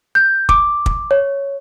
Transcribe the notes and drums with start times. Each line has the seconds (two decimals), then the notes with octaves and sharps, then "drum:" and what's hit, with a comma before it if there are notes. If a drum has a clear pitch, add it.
0.15 G6
0.49 D6, drum: kick
0.86 drum: kick
1.11 C#5